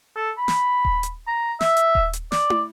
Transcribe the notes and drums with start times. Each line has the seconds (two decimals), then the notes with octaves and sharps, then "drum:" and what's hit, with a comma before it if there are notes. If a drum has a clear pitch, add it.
0.16 A4
0.38 B5
0.48 drum: snare
0.85 drum: kick D#1
1.03 drum: hi-hat
1.28 A#5
1.61 E5, drum: snare
1.77 drum: hi-hat
1.95 drum: kick D#1
2.13 drum: hi-hat
2.32 D5, drum: snare
2.50 drum: tom